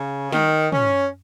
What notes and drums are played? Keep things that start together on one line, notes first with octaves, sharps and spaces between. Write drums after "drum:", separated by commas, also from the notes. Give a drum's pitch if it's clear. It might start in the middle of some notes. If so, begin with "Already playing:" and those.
Already playing: C#3
D#3, drum: snare
C#4, drum: tom